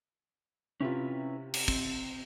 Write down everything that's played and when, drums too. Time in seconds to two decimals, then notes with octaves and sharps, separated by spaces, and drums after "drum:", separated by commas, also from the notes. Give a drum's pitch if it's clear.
0.81 C3 C#4 E4 F4 B4
1.54 drum: cymbal
1.68 C4, drum: kick